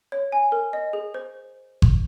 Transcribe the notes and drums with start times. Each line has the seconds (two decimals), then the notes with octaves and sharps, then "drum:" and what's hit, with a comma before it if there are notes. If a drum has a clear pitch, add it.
0.12 C#5
0.32 G#5
0.52 A#4
0.73 D#5
0.93 G#4
1.14 C5
1.82 drum: kick G1